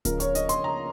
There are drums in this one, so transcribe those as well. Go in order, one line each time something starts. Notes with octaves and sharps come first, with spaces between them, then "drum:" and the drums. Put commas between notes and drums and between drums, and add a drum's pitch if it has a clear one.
C#2 C#3 F3 A#4, drum: kick D1, hi-hat
C#5, drum: hi-hat
D#5, drum: hi-hat
C6, drum: hi-hat
A#5